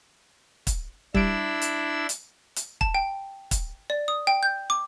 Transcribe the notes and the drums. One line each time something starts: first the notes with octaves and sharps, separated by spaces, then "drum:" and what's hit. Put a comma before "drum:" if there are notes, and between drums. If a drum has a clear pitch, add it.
drum: kick, hi-hat
G3 D4 E4 E6 D7, drum: kick
drum: hi-hat
drum: hi-hat
drum: hi-hat
A5, drum: kick
G5
drum: kick, hi-hat
D5
D#6
G5
G6
D6